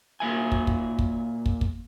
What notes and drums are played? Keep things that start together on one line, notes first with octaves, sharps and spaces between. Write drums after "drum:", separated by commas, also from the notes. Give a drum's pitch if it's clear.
A#2 A#3 E5 G#5
drum: kick
drum: kick
drum: kick
drum: kick
drum: kick